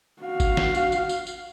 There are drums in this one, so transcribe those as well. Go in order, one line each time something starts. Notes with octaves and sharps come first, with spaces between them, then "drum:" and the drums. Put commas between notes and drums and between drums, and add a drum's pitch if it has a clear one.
F#4 F5
drum: kick G1, tambourine
drum: snare
drum: tambourine
drum: tambourine
drum: tambourine
drum: tambourine